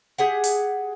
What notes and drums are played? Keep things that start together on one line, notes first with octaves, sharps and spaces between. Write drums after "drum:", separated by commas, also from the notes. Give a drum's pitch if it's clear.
G4 G#4 F#5
drum: open hi-hat